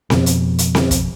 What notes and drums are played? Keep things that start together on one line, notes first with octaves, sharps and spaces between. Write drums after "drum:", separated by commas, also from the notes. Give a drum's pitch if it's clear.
F2 B2, drum: snare C4
drum: hi-hat
drum: hi-hat
drum: snare C4
drum: kick, hi-hat